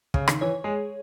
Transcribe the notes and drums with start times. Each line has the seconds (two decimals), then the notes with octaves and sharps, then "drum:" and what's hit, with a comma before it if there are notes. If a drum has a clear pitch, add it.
0.14 C#3, drum: kick
0.28 D#3, drum: rim click
0.41 E3 C#5
0.64 G#3 G#4